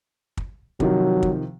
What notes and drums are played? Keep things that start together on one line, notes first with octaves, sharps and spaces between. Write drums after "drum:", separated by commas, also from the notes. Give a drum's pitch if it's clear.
drum: kick
C3 D#3 F3 F#3, drum: kick
drum: kick